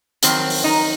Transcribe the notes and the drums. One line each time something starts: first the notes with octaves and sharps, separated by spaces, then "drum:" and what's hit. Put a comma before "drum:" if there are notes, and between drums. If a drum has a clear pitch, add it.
F2 D#3 F#3 C4, drum: hi-hat
drum: open hi-hat
D#4